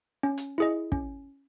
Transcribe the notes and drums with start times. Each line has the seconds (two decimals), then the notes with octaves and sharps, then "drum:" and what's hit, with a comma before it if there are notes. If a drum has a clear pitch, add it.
0.23 C#4
0.38 drum: hi-hat
0.58 E4 G#4 D#5
0.92 C#4, drum: kick